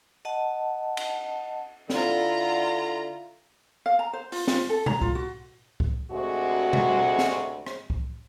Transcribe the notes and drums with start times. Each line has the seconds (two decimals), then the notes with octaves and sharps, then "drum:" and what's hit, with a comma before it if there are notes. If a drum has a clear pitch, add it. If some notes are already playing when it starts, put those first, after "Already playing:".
0.25 D#5 F#5 A5
0.97 drum: cymbal
1.90 D3 E4 F4 A#5, drum: snare
3.86 F5
3.99 A#5
4.13 C5
4.32 F4, drum: open hi-hat
4.47 F4, drum: snare
4.69 A4
4.86 A#5, drum: tom B2
5.01 F4, drum: kick C2
5.15 F#4
5.80 drum: kick C2
6.12 D2 C3 G#3 F#4
6.73 drum: tom B2
7.18 drum: snare
7.67 drum: rim click
7.90 drum: kick C2